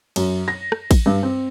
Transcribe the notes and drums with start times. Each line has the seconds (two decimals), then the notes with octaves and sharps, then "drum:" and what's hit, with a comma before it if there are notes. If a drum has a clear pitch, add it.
0.16 F#2, drum: cymbal
0.48 A#6
0.72 drum: rim click
0.91 drum: kick, cymbal
1.06 G2
1.23 C4